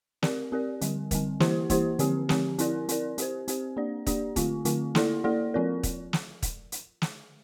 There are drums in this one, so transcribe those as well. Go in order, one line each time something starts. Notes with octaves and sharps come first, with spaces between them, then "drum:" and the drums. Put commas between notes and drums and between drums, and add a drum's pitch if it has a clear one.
C4 G4 A#4 D5, drum: snare
C4 G4 A#4 D5
D3 G3 C4, drum: hi-hat
D3 G3 C4, drum: kick, hi-hat
E3 A#3 E4 G4 C5, drum: snare
E3 A#3 E4 G4 C5, drum: kick, hi-hat
D3 F3 C4 G4, drum: hi-hat
D3 F3 C4 G4, drum: snare
C4 E4 A#4 D5, drum: hi-hat
C4 E4 A#4 D5, drum: hi-hat
C4 G4 C5, drum: hi-hat
C4 G4 C5, drum: hi-hat
A#3 D4 G4 D5
A#3 D4 G4 D5, drum: kick, hi-hat
D3 A3 C4 F4, drum: kick, hi-hat
D3 A3 C4 F4, drum: hi-hat
A#3 E4 A4 D5, drum: snare
A#3 E4 A4 D5
F3 C4 F4 A#4 D5
drum: kick, hi-hat
drum: snare
drum: kick, hi-hat
drum: hi-hat
drum: snare